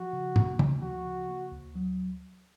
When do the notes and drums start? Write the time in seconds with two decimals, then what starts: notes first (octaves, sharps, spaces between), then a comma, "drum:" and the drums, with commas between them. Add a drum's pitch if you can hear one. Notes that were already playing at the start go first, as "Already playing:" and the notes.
Already playing: F3 F#4
0.13 C#3
0.36 A#3, drum: tom
0.59 D2, drum: tom
0.82 F3 F#4
1.06 C#3
1.29 A#3
1.52 D2
1.75 F#3